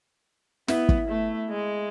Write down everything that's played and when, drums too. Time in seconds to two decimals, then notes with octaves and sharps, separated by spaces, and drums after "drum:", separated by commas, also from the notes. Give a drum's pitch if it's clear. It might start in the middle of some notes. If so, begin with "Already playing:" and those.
0.68 B3 E4, drum: snare
0.89 drum: kick
1.09 A3
1.50 G#3